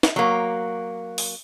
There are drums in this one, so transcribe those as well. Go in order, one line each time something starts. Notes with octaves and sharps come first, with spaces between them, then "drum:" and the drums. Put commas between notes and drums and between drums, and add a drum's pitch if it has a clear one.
drum: snare
F#3 A#3
drum: open hi-hat